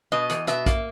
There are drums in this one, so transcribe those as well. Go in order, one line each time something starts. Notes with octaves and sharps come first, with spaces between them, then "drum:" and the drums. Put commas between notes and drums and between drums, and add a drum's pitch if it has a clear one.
B2 D#5
E2, drum: hi-hat
B2 E5, drum: hi-hat
A#3, drum: kick A#1, hi-hat